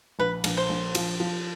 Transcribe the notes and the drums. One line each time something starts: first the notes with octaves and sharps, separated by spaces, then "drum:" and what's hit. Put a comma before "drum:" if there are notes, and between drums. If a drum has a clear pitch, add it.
A#1 B4
A#1, drum: cymbal
C5
A#1
F3, drum: cymbal
F3